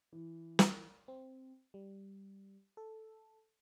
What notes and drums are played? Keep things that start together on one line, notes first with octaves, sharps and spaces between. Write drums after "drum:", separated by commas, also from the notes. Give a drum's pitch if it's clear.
E3
drum: snare
C4
G3
A4